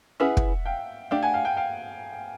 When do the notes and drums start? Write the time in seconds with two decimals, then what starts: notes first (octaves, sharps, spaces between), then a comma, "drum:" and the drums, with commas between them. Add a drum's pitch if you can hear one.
0.20 C#4 E4 G#4 B4 E5 F#5
0.37 drum: kick
0.66 F5 G5
1.11 A3 D4 G4 F5 G5
1.23 F#5 G#5
1.34 F5 G5
1.45 F5 G5
1.57 F5 G5